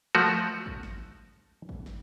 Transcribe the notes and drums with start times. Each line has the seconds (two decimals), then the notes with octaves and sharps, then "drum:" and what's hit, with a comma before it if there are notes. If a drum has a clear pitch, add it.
0.15 F3 A3 F#4
0.66 drum: kick
0.83 drum: snare
1.69 drum: kick
1.86 drum: snare